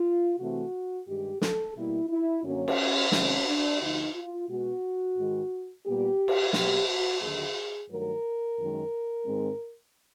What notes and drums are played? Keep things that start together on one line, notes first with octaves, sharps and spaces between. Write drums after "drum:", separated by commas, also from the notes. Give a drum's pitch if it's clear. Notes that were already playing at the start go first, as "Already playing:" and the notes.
Already playing: F4
C3 E3 A3 C4 F#4
G2 D#3 G#3 G4
A4, drum: snare
B2 G3 A#3 E4
E4
F#2 D3 F#3 A#3 C#4
drum: cymbal
C3 D#3 G#3 C4 C#4, drum: snare
D4
D2 D3 F3 D#4
F4
B2 G#3 B3 F#4
G#2 D#3 G#3
A#2 G3 B3 G4
drum: cymbal
B2 F#3 A#3 G4, drum: snare
F#4
D#2 D3 F#3 A#3 G#4
G2 D#3 F#3 A3 A#4
F#2 D#3 G#3
G#2 D#3 G#3 C4